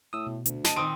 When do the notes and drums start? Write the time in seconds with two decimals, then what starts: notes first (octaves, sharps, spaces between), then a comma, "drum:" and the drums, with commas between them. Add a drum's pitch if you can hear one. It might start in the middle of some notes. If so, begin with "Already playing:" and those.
0.13 A2 D#6 E6
0.27 B2
0.46 D2, drum: hi-hat
0.64 D#5 A5 D7 D#7, drum: snare
0.76 A#2 D#3 C4 D#6 D7